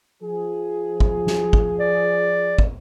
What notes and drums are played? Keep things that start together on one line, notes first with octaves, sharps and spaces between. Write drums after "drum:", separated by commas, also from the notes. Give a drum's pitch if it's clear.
F3 G#4
drum: kick
drum: snare
drum: kick
D5
drum: kick